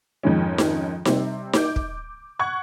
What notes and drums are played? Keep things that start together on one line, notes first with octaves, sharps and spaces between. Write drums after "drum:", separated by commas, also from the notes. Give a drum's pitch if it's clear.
F2 G#2 D#3 G#3 C#4
drum: snare D#4
C3 G3 C4, drum: snare D#4
D6 G6, drum: snare D#4
drum: kick
F#5 C#6 F#6 G#6